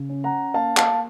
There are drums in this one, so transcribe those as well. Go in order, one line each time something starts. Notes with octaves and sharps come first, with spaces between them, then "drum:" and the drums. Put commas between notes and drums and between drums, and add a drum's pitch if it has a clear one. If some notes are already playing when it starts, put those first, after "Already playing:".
Already playing: C#3
C#4
F#5 A#5
A#3 F5 A5
F5 A5, drum: clap